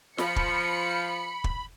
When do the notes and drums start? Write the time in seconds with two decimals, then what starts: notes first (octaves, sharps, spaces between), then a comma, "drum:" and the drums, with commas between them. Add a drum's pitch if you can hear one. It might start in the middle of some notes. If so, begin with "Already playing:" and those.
0.18 F3 B5 C#7, drum: snare
0.36 drum: kick
1.44 drum: kick